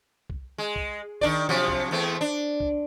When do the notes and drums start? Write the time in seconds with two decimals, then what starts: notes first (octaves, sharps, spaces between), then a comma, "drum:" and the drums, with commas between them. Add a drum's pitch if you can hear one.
0.30 drum: kick
0.58 G#3
0.76 drum: kick
1.21 D#3 D4 D5, drum: kick
1.49 C3 F3 F#3
1.68 drum: kick
1.91 E2 A3 C4
2.21 D4
2.60 drum: kick